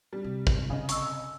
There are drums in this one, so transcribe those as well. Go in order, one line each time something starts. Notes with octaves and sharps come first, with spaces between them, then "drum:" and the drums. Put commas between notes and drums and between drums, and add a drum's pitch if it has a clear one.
G3
C3
drum: kick
C#3 D#5
C#6 E6, drum: hi-hat